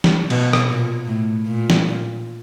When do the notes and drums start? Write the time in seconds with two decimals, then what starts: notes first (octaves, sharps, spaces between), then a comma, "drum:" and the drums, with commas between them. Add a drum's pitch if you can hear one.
0.04 drum: snare
0.30 B2, drum: cymbal
0.53 drum: rim click
0.70 A#2
1.07 A2
1.47 A#2
1.70 drum: snare